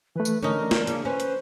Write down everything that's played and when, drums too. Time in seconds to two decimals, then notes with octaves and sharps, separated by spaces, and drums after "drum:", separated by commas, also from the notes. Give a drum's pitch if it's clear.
0.16 E3 A3 B4
0.25 drum: tambourine
0.42 D3 C#4 D#4 A#4
0.62 D4
0.71 drum: snare
0.87 C#3 A#3, drum: hi-hat
1.05 C#4 B4 C5
1.20 drum: hi-hat